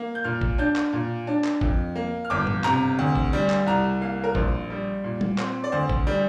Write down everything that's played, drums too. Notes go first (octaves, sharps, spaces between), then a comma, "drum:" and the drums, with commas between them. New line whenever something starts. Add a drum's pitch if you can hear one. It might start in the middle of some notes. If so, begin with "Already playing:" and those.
Already playing: A#3
G6
A#2 F6
drum: kick
D4 G6
drum: clap
A#2
D4
drum: clap
F2, drum: kick
A#3
F6
G1 D6
drum: tom G#2
C3 A#5, drum: clap
D2
drum: kick
G3
drum: clap
C2 A#5
A#3 F5
A#4
A#1 C5, drum: kick
G3
A#2
drum: tom G3
C4, drum: clap
D5
D2 C5
drum: kick
G3